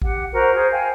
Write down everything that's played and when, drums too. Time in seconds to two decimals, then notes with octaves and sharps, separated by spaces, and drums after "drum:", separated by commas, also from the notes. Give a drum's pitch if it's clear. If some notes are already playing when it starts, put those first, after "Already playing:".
0.02 G4 F#5, drum: kick
0.32 F#4 A#4 C5 F#5
0.53 G#4 C5
0.71 F5 G5 G#5